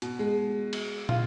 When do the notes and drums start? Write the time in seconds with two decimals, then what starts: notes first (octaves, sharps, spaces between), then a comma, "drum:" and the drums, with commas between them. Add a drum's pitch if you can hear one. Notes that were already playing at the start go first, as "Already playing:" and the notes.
0.02 B2, drum: hi-hat
0.19 G#3
0.73 drum: cymbal
1.09 F4, drum: tom